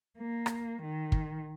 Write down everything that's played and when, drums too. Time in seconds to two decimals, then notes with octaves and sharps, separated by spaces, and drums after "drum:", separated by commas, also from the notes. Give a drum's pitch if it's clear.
0.19 A#3
0.46 drum: rim click
0.82 D#3
1.12 drum: kick